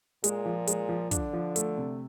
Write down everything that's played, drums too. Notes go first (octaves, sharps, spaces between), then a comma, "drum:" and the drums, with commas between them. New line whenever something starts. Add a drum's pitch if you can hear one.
A#2 G#3, drum: hi-hat
F3
G#3, drum: hi-hat
F3
D3 D4, drum: kick, hi-hat
F3
A3, drum: hi-hat
C3